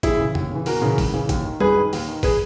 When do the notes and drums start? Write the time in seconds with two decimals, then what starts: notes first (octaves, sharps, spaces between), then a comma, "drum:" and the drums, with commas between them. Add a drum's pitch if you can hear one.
0.03 D#2 E4 G#4, drum: kick, hi-hat
0.20 C#3 E3
0.35 D#2, drum: tom
0.51 C#3 E3
0.66 E2 F#4 A#4, drum: open hi-hat
0.82 C#3 E3
0.98 C#2, drum: kick, open hi-hat
1.13 C#3 E3
1.29 D#2, drum: kick, hi-hat
1.45 D#3
1.60 F#2 G#4 B4, drum: tom G3
1.77 D#3
1.93 D#2, drum: open hi-hat
2.08 D#3
2.23 G#4 B4, drum: kick, open hi-hat